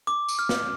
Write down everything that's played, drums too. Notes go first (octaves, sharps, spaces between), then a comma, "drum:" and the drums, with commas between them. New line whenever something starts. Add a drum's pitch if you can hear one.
D6
drum: tambourine
F6
drum: snare